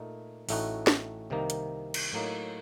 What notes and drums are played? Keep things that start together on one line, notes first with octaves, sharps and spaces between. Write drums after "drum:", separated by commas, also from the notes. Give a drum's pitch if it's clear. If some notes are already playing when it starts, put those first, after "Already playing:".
Already playing: A#2 A3 D#4
A1 A2 A3 D#4 F#4, drum: open hi-hat
drum: snare
C2 C3 D#3 A#3 D#4
drum: hi-hat
drum: cymbal
A2 F#3 A#3 D#4